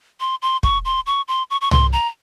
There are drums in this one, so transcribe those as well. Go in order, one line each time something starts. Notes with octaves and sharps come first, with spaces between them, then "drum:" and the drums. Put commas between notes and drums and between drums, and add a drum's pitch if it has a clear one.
C6
C6
C#6, drum: kick
C6
C#6
C6
C#6
C#6
C6, drum: tom
A#5